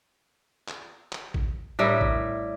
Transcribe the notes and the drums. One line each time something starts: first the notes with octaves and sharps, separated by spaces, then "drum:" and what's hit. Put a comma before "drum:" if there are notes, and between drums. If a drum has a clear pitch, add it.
drum: clap
drum: clap
drum: kick A1
A2 G3 E4 A#4
drum: kick A1